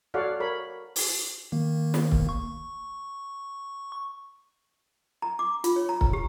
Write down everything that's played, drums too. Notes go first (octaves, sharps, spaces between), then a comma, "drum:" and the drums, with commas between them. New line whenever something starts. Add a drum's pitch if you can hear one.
F#4 A4 C#5 D5 F5 F#5
A#4 C#5 B5
drum: open hi-hat
D#3 A#3
drum: snare
drum: kick C#1
C#6
A#5
D6
F4, drum: hi-hat
C#5
A#5
A#5, drum: kick C#1
G4